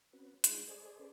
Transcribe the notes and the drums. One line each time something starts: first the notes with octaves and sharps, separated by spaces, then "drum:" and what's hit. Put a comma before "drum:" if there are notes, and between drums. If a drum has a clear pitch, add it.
C4 C#4 F#4 B4
G#3 D4 D#4 F4 G#4, drum: hi-hat
G#4 A4 C5 D5 D#5 G#5
C#4 G#4 A4 B4 C5 D5